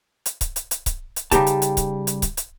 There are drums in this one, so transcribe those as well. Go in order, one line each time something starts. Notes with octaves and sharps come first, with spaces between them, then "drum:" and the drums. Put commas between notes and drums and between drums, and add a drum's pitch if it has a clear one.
drum: hi-hat
drum: kick C#1, hi-hat
drum: hi-hat
drum: hi-hat
drum: kick C#1, hi-hat
drum: hi-hat
C#3 G3 D#4 G4 A5, drum: kick C#1, hi-hat
drum: hi-hat
drum: hi-hat
drum: kick C#1, hi-hat
drum: hi-hat
drum: kick C#1, hi-hat
drum: hi-hat